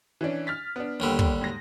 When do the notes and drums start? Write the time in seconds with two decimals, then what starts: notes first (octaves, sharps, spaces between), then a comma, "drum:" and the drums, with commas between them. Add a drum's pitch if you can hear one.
0.21 E3 C#4 D4
0.47 F6 A6 B6
0.76 B3 D4
1.00 D#2 D3 G3
1.19 drum: kick
1.41 G#2 A#6